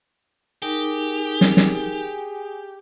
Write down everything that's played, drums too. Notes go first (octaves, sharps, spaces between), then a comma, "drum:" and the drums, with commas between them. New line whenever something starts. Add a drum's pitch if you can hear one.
D#4 G4 G#4 A#4
drum: snare
drum: snare